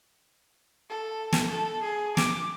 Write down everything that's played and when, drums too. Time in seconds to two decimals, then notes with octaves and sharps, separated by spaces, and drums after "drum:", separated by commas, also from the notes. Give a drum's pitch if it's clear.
0.90 A4
1.33 drum: snare
1.47 A4
1.83 G#4
2.17 D6, drum: snare